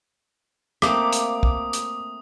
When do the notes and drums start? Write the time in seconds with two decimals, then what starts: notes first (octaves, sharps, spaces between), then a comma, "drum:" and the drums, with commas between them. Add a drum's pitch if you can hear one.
0.82 A3 A#3 C4 D6 D#6, drum: rim click
1.13 drum: hi-hat
1.43 drum: kick
1.73 drum: hi-hat